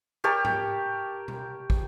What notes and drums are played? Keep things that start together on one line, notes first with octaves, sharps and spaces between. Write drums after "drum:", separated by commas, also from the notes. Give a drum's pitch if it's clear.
G4 A#4 C#5 A5
drum: tom G#2
drum: tom B2
drum: kick